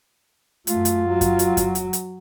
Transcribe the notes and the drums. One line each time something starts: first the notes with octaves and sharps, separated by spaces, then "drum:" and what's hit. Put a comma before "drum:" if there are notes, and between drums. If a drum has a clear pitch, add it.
F#2 A3 F4, drum: hi-hat
drum: hi-hat
F#3
drum: kick F#2, hi-hat
drum: hi-hat
drum: kick F#2, hi-hat
drum: hi-hat
drum: hi-hat